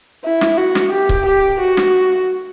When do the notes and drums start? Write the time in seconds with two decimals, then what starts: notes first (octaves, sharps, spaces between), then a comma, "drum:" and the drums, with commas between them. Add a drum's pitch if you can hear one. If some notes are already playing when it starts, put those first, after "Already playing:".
0.24 E4
0.41 drum: snare
0.58 F#4
0.75 drum: snare
0.93 G4
1.09 drum: kick
1.27 G4
1.61 F#4
1.77 drum: snare